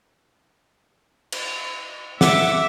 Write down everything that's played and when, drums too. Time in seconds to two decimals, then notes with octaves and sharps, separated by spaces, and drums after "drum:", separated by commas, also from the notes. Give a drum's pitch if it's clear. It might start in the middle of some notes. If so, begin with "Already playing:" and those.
1.32 drum: cymbal
2.21 E5 F#5 D6, drum: snare